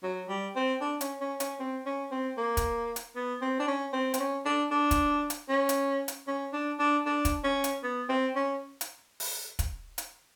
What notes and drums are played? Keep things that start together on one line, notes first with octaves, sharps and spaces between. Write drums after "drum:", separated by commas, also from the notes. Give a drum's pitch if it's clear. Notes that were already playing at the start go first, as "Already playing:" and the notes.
F#3
G3
C4
D4
C#4, drum: hi-hat
C#4
C#4, drum: hi-hat
C4
C#4
C4
A#3
drum: kick, hi-hat
drum: hi-hat
B3
C4
D4
C#4
C4
C4, drum: hi-hat
C#4
D4
D4
drum: kick, hi-hat
drum: hi-hat
C#4
drum: hi-hat
drum: hi-hat
C#4
D4
D4
D4
drum: kick, hi-hat
C#4
drum: hi-hat
B3
C4
C#4
drum: hi-hat
drum: open hi-hat
drum: kick, hi-hat
drum: hi-hat